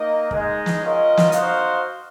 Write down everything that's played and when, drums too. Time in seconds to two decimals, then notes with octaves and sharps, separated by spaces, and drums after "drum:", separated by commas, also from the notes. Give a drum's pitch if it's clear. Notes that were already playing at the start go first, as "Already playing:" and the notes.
Already playing: A#3 D#4 A#4 D#5
0.31 G#3 D#4 G#4 D#5, drum: kick
0.66 drum: snare
0.82 C#4 F4 A#4 D#5 F#5
1.17 drum: snare
1.32 D#4 F#4 C5 F5, drum: hi-hat